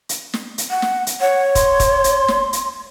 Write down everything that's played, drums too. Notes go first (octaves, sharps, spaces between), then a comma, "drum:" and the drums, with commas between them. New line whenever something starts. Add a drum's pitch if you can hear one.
drum: hi-hat
drum: snare
drum: hi-hat
F#5
drum: snare
drum: hi-hat
C#5 F#5
C6, drum: kick, hi-hat
drum: kick, hi-hat
drum: hi-hat
drum: snare
drum: hi-hat